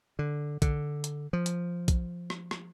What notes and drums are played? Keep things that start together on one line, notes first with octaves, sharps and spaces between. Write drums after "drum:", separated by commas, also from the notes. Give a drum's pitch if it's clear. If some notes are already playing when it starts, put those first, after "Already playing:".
D3
D3, drum: kick, hi-hat
drum: hi-hat
F3
drum: hi-hat
drum: kick, hi-hat
drum: rim click
drum: rim click